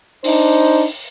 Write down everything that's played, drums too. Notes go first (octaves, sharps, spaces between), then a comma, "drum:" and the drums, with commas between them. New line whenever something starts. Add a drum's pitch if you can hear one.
D4 D#4 C5, drum: open hi-hat